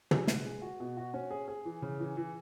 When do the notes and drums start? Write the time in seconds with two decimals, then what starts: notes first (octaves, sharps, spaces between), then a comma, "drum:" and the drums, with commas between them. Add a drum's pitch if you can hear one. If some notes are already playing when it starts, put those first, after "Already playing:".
0.11 G#3, drum: tom
0.27 B4, drum: snare
0.45 G#3
0.62 F#4
0.80 B2
0.97 F#4
1.14 C#4
1.31 G#4
1.48 G#4
1.65 E3
1.82 C#3
2.00 E3
2.17 E3